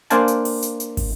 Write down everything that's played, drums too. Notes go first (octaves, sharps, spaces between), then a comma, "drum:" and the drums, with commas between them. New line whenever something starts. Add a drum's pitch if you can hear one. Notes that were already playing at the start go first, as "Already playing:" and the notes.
A#3 D4 C5 F5 G#5 A5, drum: hi-hat
drum: hi-hat
drum: open hi-hat
drum: hi-hat
drum: hi-hat
drum: kick, open hi-hat